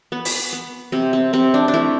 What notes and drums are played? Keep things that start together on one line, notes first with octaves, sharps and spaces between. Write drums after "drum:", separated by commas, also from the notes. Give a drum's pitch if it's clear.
B3
drum: open hi-hat
B3
C3 C4
C4
C3 C4
D4
D4
A3 E4